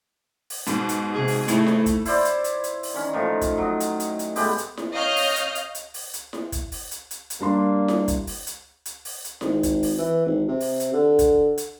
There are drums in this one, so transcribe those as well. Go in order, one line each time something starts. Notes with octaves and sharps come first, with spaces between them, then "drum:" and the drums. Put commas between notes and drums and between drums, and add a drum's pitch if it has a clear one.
drum: open hi-hat
G#2 B2, drum: hi-hat
drum: hi-hat
C3 G#4
drum: open hi-hat
G#1 A3 E4, drum: hi-hat
drum: snare E4
drum: kick, hi-hat
E4 C5 D5, drum: open hi-hat
drum: hi-hat
drum: hi-hat
drum: hi-hat
drum: open hi-hat
D#3 C#4
A2 D#3 F3
drum: kick, hi-hat
F#3 D#5
drum: hi-hat
drum: hi-hat
drum: hi-hat
A2 G#3 B3 G4, drum: open hi-hat
drum: hi-hat
drum: snare E4
C#5 D#5 F5 D#6 F6 G6
drum: open hi-hat
drum: hi-hat
drum: hi-hat
drum: hi-hat
drum: open hi-hat
drum: hi-hat
drum: snare E4
drum: kick, hi-hat
drum: open hi-hat
drum: hi-hat
drum: hi-hat
drum: hi-hat
G3 A#3 D4 C6
drum: snare E4
drum: kick, hi-hat
drum: open hi-hat
drum: hi-hat
drum: hi-hat
drum: open hi-hat
drum: hi-hat
G#1, drum: snare E4
drum: kick, hi-hat
drum: open hi-hat
E3
G#1
C3
drum: open hi-hat
drum: hi-hat
D3
drum: kick, hi-hat
drum: hi-hat